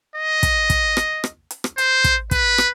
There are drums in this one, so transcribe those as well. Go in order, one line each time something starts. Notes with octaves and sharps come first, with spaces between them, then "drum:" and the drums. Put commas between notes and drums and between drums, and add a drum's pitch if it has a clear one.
D#5
drum: kick, hi-hat
drum: kick, hi-hat
drum: rim click
drum: rim click
drum: hi-hat
drum: rim click
C5, drum: hi-hat
drum: kick, hi-hat
B4, drum: kick, hi-hat
drum: rim click